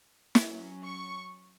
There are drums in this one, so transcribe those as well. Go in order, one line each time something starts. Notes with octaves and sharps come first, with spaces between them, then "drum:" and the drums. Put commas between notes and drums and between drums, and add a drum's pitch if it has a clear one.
F#3 C#4, drum: snare
C#6